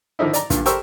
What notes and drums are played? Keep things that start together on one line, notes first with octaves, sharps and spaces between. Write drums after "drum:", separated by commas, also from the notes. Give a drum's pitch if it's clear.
D3 D#3 F3 D#4 E4
D5 A#5, drum: hi-hat
G2 A#2 D3, drum: kick, hi-hat
G4 A4 A#4 C5 C#6 E6, drum: hi-hat